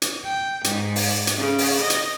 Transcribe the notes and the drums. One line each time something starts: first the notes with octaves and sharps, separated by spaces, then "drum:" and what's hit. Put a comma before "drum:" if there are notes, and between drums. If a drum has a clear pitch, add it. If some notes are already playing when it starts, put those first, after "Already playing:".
drum: hi-hat
G5
G#2, drum: hi-hat
drum: open hi-hat
drum: hi-hat
C#3
drum: open hi-hat
D#5
drum: hi-hat